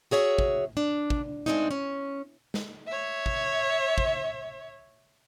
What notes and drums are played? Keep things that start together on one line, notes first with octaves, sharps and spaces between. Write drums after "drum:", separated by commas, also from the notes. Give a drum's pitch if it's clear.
F#4 G#4 C#5 E5
drum: kick
D4
drum: kick
A2 G#3 A3 C4 D4 D#4
C#4
drum: snare
C#5 E5
drum: kick
drum: kick